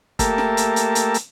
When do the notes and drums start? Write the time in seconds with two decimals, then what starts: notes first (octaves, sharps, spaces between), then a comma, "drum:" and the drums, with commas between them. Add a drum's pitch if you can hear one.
0.19 A3 A#3 G4 A#4 E5 A5, drum: kick, hi-hat
0.38 drum: snare
0.57 drum: hi-hat
0.76 drum: hi-hat
0.95 drum: hi-hat
1.14 drum: hi-hat